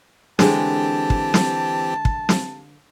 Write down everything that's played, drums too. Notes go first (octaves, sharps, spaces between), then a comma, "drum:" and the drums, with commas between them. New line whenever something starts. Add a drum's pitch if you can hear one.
D3 E3 G#3 C4 G4 A5, drum: snare
drum: kick
drum: snare
drum: kick
drum: snare